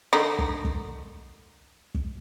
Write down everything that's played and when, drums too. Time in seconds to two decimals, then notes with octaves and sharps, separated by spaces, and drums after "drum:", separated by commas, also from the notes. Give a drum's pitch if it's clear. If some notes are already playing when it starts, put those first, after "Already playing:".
0.13 D3 D#3 D#4
0.39 drum: kick
0.65 drum: kick
1.95 drum: kick